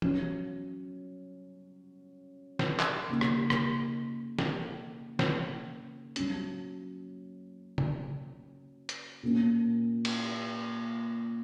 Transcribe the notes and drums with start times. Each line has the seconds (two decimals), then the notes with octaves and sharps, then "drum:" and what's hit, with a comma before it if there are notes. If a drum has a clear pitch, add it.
0.02 F#3 C#4, drum: tom E3
2.59 drum: snare
2.80 drum: clap
3.09 C#3 A#3 D#4
3.21 drum: rim click
3.50 drum: rim click
4.39 drum: snare
5.19 drum: snare
6.16 F#3 C#4, drum: hi-hat
7.78 drum: tom C#3
8.89 drum: hi-hat
9.23 A#2 A#3 C#4
10.05 drum: cymbal